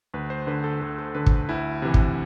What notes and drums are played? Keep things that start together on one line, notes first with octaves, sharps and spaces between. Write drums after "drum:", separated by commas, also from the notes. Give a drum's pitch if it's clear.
D2 B4
C5
D3 B4
A4
D2 A4
A4
D3 B4
drum: kick
D2 E4
C3 E3
drum: kick